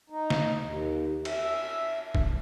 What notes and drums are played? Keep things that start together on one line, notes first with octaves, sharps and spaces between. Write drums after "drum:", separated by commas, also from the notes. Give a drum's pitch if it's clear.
D#4
drum: snare
D#2
E5, drum: cymbal
drum: kick G#1